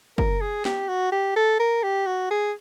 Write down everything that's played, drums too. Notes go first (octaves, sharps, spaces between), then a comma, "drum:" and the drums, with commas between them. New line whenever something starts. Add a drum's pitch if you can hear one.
A#4, drum: kick
G#4
G4, drum: snare
F#4
G4
A4
A#4
G4
F#4
G#4